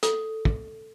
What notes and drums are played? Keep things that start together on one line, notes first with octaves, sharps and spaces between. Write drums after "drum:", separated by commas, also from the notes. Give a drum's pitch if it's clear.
A4, drum: hi-hat
drum: kick